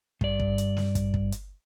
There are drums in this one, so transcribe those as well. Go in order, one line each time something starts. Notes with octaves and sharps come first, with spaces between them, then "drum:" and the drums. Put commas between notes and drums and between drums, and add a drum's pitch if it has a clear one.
G2 D5, drum: kick
drum: kick
drum: hi-hat
drum: snare
drum: kick, hi-hat
drum: kick
drum: hi-hat